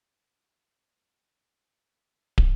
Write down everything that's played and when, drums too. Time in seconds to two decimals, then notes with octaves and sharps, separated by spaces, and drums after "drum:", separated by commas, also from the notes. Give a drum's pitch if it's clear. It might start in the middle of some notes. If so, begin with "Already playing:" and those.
0.17 B3 F#4 B4
0.90 A#4
1.64 C#4 G#4 B4
2.38 drum: kick